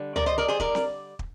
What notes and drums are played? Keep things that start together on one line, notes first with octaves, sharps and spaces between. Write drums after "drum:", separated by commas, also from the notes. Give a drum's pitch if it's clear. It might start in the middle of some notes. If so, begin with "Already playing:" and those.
Already playing: D3 G3
A#4 D5, drum: tom
C5 D#5
A#4 D5
G#4 C5
A#4 D5, drum: kick
drum: snare C4
drum: kick